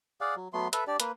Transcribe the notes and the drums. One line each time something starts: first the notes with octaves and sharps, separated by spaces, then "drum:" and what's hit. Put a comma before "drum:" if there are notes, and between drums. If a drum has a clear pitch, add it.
G#4 D5 F5 F#5
F#3
F#3 A3 B3 C6
A4 B4 E5, drum: hi-hat
D4 G4 D5
A#3 B4, drum: hi-hat